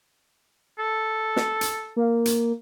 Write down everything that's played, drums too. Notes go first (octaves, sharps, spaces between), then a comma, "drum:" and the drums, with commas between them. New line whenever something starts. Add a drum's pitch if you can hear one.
A4
drum: snare
drum: hi-hat
A#3
drum: hi-hat